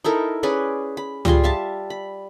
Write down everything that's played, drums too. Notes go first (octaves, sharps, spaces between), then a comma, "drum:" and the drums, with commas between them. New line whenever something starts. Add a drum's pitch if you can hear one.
D#4 E4 A4 A#4
C#4 G#4 B4 D5
B5
G3 F4 G#4 C6, drum: tom C#2
E5 F5 A5
B5